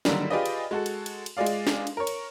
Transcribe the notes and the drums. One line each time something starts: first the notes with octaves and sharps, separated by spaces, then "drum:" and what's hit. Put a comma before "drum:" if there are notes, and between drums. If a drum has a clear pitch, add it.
D3 D#3 F#3 G3 A#3, drum: snare
F4 G4 G#4 B4 D5 D#5
drum: cymbal
G#3 F#4 A4
drum: cymbal
drum: cymbal
drum: cymbal
G#3 F4 G#4 D5 F5
drum: cymbal
drum: snare
drum: cymbal
A#4 C#5
drum: cymbal